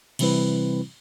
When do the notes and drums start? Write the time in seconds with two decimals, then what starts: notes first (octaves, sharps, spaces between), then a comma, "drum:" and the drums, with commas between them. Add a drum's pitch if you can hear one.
0.19 C3 E3 G3 C4 E4 B4, drum: cymbal